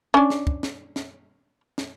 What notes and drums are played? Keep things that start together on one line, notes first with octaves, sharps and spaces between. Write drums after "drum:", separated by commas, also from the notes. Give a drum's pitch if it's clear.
C#4 D4
drum: snare
drum: kick
drum: snare
drum: snare
drum: snare